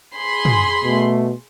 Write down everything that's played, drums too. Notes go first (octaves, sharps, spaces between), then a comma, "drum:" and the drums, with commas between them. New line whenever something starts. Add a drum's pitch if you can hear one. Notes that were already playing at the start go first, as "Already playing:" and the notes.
G#4 B5 C6
drum: tom
B2 A3